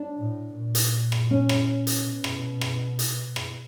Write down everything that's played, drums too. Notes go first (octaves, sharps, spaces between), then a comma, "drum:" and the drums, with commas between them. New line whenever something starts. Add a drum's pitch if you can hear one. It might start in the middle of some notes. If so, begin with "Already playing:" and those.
Already playing: D4
A2
A#2
drum: hi-hat
drum: rim click
C#4
drum: rim click
drum: hi-hat
B2
drum: rim click
drum: rim click
drum: hi-hat
drum: rim click